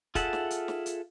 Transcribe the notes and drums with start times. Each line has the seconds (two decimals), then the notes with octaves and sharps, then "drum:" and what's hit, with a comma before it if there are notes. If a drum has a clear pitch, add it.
0.15 F4 G#4 A4 E5 F#5, drum: kick, hi-hat
0.33 drum: snare
0.50 drum: hi-hat
0.68 drum: snare
0.86 drum: hi-hat